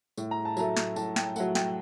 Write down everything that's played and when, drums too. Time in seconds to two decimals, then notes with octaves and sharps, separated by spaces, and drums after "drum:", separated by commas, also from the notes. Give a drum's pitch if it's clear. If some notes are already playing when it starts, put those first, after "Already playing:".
0.18 A2, drum: tambourine
0.31 A#5
0.45 A5
0.57 F#3 A3 A#5, drum: tambourine
0.77 drum: snare
0.96 A2 A5, drum: tambourine
1.16 G5, drum: snare
1.36 F#3 A3 F#5, drum: tambourine
1.55 G5, drum: snare